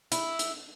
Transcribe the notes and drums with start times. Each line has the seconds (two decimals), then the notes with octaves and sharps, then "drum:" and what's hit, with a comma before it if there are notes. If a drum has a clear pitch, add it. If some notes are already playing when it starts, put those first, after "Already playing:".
0.12 E4, drum: hi-hat
0.39 drum: hi-hat